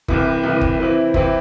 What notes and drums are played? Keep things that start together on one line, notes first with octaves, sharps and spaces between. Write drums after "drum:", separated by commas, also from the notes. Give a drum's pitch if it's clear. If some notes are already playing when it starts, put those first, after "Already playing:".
C2 C3 E3, drum: kick F#1
C2 C3 E3
drum: kick F#1
C3 E3 C4 E4
C3 E3 C4 E4, drum: kick F#1